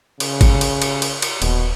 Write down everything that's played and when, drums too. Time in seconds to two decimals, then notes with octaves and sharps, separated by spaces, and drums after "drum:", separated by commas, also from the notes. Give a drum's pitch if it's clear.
0.20 C#3, drum: cymbal
0.41 drum: kick, cymbal
0.61 drum: cymbal
0.82 drum: cymbal
1.02 drum: cymbal
1.22 drum: cymbal
1.42 D#1 B2, drum: cymbal